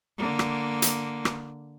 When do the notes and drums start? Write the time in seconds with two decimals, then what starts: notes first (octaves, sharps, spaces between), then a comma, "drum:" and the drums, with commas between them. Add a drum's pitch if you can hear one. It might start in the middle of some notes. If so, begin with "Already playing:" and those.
0.18 D3 A#3
0.39 drum: rim click
0.82 drum: hi-hat
1.25 drum: rim click